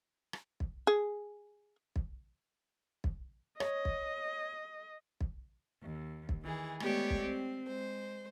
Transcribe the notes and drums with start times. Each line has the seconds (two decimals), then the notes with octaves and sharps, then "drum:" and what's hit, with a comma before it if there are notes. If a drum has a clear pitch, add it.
0.33 drum: rim click
0.60 drum: kick
0.87 G#4
1.96 drum: kick
3.04 drum: kick
3.60 C#5 D#5, drum: rim click
3.85 drum: kick
5.21 drum: kick
5.81 D#2
6.29 drum: kick
6.42 D#3 E3 G#4
6.80 G#3 A3 B3 G4 C#5 D5, drum: rim click
7.10 drum: kick
7.21 C4
7.66 G#3 C5